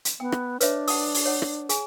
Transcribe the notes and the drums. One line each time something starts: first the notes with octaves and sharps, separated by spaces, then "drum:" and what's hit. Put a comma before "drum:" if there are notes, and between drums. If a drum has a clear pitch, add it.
drum: hi-hat
B3 G5
drum: rim click
D4 B4 C#5 E5, drum: hi-hat
F#5 A5 D#6, drum: open hi-hat
drum: open hi-hat
C#5 F#5
drum: rim click
G#4 G#5, drum: hi-hat